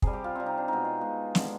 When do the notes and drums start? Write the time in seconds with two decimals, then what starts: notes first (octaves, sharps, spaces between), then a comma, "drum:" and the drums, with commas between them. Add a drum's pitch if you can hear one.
0.02 C3 G3 G#4, drum: kick
0.13 G4
0.24 F4
0.35 C3 G3 C4
0.46 D#4
0.57 D4
0.68 B2 G#3 D#4
0.85 F4
1.01 B2 G#3
1.35 D3 G#3, drum: snare